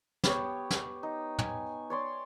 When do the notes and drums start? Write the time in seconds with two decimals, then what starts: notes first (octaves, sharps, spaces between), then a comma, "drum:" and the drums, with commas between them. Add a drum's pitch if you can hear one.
0.24 B3 G4 C#5 D#6, drum: snare
0.70 drum: snare
1.03 D#4
1.39 G#5, drum: tom
1.90 C#5 D5 C6